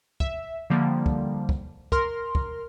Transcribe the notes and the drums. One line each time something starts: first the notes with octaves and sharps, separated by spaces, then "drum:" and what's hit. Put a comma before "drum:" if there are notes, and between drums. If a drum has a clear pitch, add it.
E5, drum: kick
D3 F3 G3 A#3
drum: kick
drum: kick
A#4 C6 F6, drum: kick
drum: kick